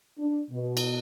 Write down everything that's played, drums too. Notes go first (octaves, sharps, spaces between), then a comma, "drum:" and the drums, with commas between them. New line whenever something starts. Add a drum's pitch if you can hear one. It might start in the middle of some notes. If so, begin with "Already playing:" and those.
D4
B2
drum: cymbal